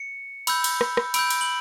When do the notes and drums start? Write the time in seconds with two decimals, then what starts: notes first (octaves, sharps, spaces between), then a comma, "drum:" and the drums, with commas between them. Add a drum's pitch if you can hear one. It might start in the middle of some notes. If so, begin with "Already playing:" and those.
Already playing: C#7
0.47 B5 E6 G6, drum: cymbal
0.64 drum: cymbal
0.81 drum: rim click
0.97 drum: rim click
1.14 B5 E6 G6 D7, drum: cymbal
1.30 drum: cymbal
1.41 F#7